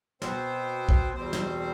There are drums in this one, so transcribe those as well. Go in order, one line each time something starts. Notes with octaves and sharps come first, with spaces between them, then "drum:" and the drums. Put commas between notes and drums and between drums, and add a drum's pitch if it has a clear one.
B2 B3 C4 C5, drum: snare
drum: kick A#1
E2 B2 G3 C4 C5
drum: snare